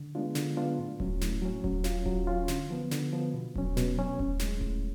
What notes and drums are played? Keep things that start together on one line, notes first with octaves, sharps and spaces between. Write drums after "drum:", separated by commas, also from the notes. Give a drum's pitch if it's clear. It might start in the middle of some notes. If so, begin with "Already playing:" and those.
Already playing: D3
G#3 B3 D4 F4
D3, drum: snare
G#3 B3 D4 F4
A2
F#3 C#4, drum: kick D#1
A2, drum: snare
F#3 C#4
F#3, drum: kick D#1
C#4 F4, drum: snare
F#3, drum: kick D#1
C#4 F4
D3, drum: snare
F3 B3
D3, drum: snare
F3 B3
B2
F#3 C#4, drum: kick D#1
B2, drum: snare
F#3 C#4
A2, drum: kick D#1
G#3 C#4, drum: snare
A2, drum: kick D#1